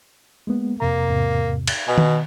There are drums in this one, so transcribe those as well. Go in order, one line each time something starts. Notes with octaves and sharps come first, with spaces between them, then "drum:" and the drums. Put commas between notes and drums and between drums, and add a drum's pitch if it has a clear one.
G#3 A#3 B3
F2 C3 A#3 A#5
E2 G#2 C3
drum: cymbal
B2 G#5
drum: tom D#3